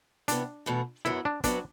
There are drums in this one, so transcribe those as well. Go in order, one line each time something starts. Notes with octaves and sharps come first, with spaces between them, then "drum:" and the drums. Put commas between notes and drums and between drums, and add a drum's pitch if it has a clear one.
C3 E3 B3 D4, drum: hi-hat
E2 B2 A3
F#2 F#3 B3 E4
D4
C3 F#3 B3 D4, drum: kick, hi-hat